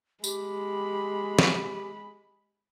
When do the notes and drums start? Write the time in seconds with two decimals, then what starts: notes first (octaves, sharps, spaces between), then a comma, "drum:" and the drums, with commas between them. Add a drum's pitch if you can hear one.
0.24 G#3 G4 B5, drum: tambourine
1.39 drum: snare